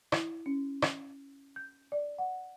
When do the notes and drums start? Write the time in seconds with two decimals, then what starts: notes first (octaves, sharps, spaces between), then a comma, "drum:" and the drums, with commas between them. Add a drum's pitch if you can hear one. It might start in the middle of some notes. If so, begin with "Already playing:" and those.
0.12 E4, drum: rim click
0.46 C#4
0.82 drum: rim click
1.56 G6
1.92 D5
2.18 F#5